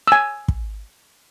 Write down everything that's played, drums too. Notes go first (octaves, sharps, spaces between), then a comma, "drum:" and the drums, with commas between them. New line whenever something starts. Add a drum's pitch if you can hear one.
G#5 E6
drum: kick